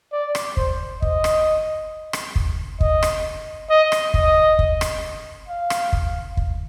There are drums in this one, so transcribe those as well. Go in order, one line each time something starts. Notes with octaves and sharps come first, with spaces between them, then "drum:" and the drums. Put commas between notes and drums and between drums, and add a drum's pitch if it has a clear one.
D5
drum: rim click
C5, drum: kick
D#5, drum: kick
drum: rim click
drum: rim click
drum: kick
D#5, drum: kick
drum: rim click
D#5
drum: rim click
D#5, drum: kick
drum: kick
drum: rim click
F5
drum: rim click
drum: kick
drum: kick